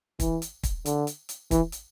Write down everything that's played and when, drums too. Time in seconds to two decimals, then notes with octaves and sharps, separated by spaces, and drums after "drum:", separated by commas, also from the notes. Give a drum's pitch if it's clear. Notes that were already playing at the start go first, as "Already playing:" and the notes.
0.20 E3, drum: kick, hi-hat
0.42 drum: hi-hat
0.63 drum: kick, hi-hat
0.86 D3, drum: hi-hat
1.07 drum: hi-hat
1.29 drum: hi-hat
1.51 E3, drum: kick, hi-hat
1.72 drum: hi-hat